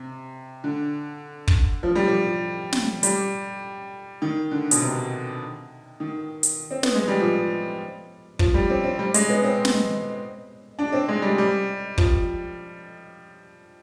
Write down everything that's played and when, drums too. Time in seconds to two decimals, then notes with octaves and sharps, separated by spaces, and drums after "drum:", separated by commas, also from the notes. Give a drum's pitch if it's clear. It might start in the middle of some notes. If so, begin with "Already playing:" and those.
Already playing: C3
0.64 D3
1.48 drum: kick
1.83 F3
1.95 G3
2.06 F3
2.73 drum: snare
3.03 G3, drum: hi-hat
4.22 D#3
4.51 D3
4.71 B2, drum: hi-hat
4.82 C3
6.00 D#3
6.43 drum: hi-hat
6.71 C4
6.83 B3, drum: snare
6.95 G#3
7.08 G3
7.20 F3
8.39 F3, drum: kick
8.54 G3
8.70 C4
8.84 C4
8.99 G3
9.14 G#3, drum: hi-hat
9.29 B3
9.44 C4
9.65 drum: snare
10.79 D4
10.92 C4
11.08 G#3
11.22 G3
11.38 G3
11.98 F3, drum: kick